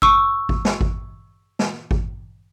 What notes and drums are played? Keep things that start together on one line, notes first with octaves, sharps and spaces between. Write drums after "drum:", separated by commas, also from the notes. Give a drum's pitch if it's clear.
C#6 E6, drum: kick G#1
drum: kick G#1
drum: snare
drum: kick G#1
drum: snare
drum: kick G#1